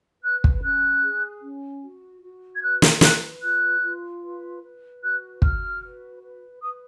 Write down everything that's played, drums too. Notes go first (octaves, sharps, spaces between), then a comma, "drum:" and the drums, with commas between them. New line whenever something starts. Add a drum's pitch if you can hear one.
B4 F#6
drum: kick
C#4 F#6
G#4
C#4
F#4
F#4
G#6
B4 F#6
drum: snare
B4 F#6, drum: snare
F4 F#6
F4
B4
B4
F#4 F#6
F#4 F6, drum: kick
B4
B4
B4 D#6